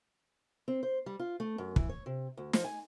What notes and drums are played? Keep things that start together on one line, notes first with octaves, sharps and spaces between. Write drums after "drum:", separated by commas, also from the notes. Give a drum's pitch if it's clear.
C4
C5
G3
F4
A3
F#2
E3, drum: kick
C#5
C3
D2
F3, drum: snare
G#5